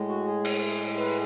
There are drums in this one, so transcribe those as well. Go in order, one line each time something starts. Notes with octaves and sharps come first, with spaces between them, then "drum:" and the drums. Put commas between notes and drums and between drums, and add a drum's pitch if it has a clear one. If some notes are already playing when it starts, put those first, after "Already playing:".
Already playing: A2 G#3
F#4
G#4
drum: cymbal
B4